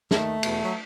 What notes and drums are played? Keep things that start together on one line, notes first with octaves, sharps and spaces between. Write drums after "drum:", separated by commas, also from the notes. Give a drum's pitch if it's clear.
D#2 D#3 A3, drum: snare
E2 B2, drum: cymbal
F#3